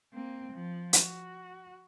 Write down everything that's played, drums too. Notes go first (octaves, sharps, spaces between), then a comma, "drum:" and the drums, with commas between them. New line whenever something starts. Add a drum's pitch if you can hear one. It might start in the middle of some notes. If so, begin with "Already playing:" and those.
A#3 C4
F3
F#4, drum: hi-hat